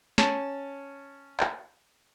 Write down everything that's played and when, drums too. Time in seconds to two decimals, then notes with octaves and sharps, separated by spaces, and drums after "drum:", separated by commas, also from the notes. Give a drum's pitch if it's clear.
0.18 C#4 A5, drum: snare
1.40 drum: clap